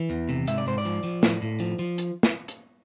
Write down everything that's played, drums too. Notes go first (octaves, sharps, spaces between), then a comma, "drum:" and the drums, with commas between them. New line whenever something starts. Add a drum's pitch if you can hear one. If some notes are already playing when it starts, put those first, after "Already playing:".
Already playing: E3
E2
C3
G#2 E5, drum: hi-hat
D5
G#2 C5
D5
F3
F3
A2, drum: snare
A2
F3
F3
drum: hi-hat
drum: snare
drum: hi-hat